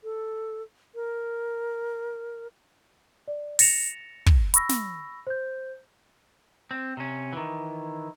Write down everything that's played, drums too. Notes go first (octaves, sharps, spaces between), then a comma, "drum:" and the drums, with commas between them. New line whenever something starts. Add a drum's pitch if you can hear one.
A4
A#4
D5
A6 A#6 C#7 E7 F7, drum: open hi-hat
drum: kick
B5 C#6 E6 A#6, drum: hi-hat
drum: snare
C5 G6
C4
C3 C#4
D#3 E3